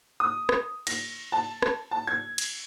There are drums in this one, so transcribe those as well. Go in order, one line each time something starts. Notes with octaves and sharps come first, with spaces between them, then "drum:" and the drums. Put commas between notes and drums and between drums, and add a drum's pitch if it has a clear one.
D#6
drum: rim click
A#6, drum: cymbal
A5
drum: rim click
A5
G#6
drum: cymbal